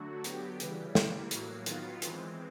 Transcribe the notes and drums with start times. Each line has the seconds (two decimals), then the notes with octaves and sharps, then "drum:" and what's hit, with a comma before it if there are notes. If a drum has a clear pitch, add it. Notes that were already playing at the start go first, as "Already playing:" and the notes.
Already playing: D3 F#3 A3 F#4
0.24 D3 F#3 B3 G4, drum: hi-hat
0.60 C#3 E3 G3, drum: hi-hat
0.95 E3 G3 A#3, drum: snare
1.31 A2 F#3 A#3, drum: hi-hat
1.66 D#3 F#3 B3 F4, drum: hi-hat
2.02 E3 G#3 C4, drum: hi-hat